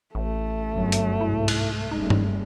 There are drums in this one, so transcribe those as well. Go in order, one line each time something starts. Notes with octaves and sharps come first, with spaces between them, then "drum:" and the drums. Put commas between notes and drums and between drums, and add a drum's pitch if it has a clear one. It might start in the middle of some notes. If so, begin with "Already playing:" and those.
A1 A3
G1 F#2 F#3
drum: hi-hat
C2 G#2 E4
drum: cymbal
F#1 G3 G#3 D#4
drum: tom G2